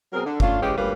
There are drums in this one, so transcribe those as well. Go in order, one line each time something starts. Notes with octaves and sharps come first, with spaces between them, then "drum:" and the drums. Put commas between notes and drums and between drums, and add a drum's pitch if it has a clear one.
B2 F#3 C4 G#4 A#4
D3
A3 C#4 D4 F4, drum: kick F#1
C#3 E3 G#3 C#4 G4
D2 G3 A#3 C#4 F4 B4